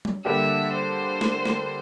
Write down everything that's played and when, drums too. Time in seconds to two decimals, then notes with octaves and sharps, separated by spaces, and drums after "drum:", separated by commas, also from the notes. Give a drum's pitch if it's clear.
0.05 drum: tom F#3
0.25 D3 G3 A#3 D4 G4 E5
0.74 C5
1.21 drum: snare
1.46 drum: snare